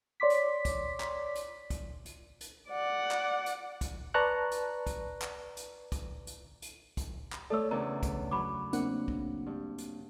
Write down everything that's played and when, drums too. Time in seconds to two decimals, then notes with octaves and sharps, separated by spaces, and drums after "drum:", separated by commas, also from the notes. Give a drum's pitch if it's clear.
0.20 C#5 D5 C6 D6 B6
0.30 drum: hi-hat
0.65 drum: kick, hi-hat
1.00 drum: clap
1.35 drum: hi-hat
1.70 drum: kick, hi-hat
2.06 drum: hi-hat
2.41 drum: hi-hat
2.69 D5 F#5
3.11 drum: clap
3.46 drum: hi-hat
3.81 drum: kick, hi-hat
4.14 B4 D5 A5 A#5 C#6 F#6
4.51 drum: hi-hat
4.87 drum: kick, hi-hat
5.22 drum: clap
5.57 drum: hi-hat
5.92 drum: kick, hi-hat
6.27 drum: hi-hat
6.62 drum: hi-hat
6.97 drum: kick, hi-hat
7.32 drum: clap
7.50 A3 A4 C#5 D5 A5 E6
7.71 E2 C#3 D4 A#4 A#5
8.03 drum: kick, hi-hat
8.31 E2 F#3 B5 D6
8.73 A#3 C4 D4 F#5, drum: hi-hat
9.08 drum: kick
9.46 G2
9.78 drum: hi-hat